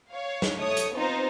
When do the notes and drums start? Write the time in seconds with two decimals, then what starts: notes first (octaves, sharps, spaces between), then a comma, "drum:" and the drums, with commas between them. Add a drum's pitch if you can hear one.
0.11 C#5 F5
0.42 drum: snare
0.58 A3 C#5 D#6
0.77 drum: hi-hat
0.94 B3 C4 D#4 F4 C5